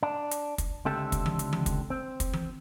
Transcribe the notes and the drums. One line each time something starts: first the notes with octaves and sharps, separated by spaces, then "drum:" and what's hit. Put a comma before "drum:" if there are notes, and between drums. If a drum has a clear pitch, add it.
D4
drum: hi-hat
drum: kick, hi-hat
C#2 D3 C4 G4 A4 E5
drum: kick, hi-hat
drum: tom E3
drum: hi-hat
drum: tom E3
drum: kick, hi-hat
C4
drum: kick, hi-hat
drum: tom E3